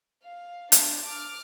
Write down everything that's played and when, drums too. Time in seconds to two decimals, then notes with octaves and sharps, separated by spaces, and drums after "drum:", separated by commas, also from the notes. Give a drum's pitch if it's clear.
0.24 F5
0.72 D4, drum: hi-hat
1.06 D6 F6